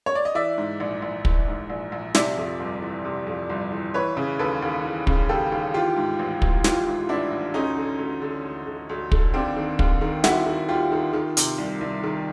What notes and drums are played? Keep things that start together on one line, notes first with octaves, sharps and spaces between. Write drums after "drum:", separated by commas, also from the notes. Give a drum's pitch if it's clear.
C#5
D5
D#5
E3 D5 E5
G#2
A#1
A#1
E3, drum: kick
G#2
A#1
A#1
C3 D5 E5, drum: snare
F2
G1
E3
C3
F2
G1
E3
E3 B4 C#5
C#3
D#2 A4 B4
D#2
E3
C#3, drum: kick
D#2 G4 A4
D#2
E3 F4 G4
G#2
A1
A1, drum: kick
E3 F4 G4, drum: snare
G#2
A1 D4 E4
A1
D2 C#4 D#4
D3
D2
D3
D2
D3
D2
D3, drum: kick
D#2 C4 D4
D#3
D#2, drum: kick
D#3
D#2 E4 F#4, drum: snare
D#3
D#2 F4 G4
D#3
D#3
C3, drum: hi-hat
C2
C2
D#3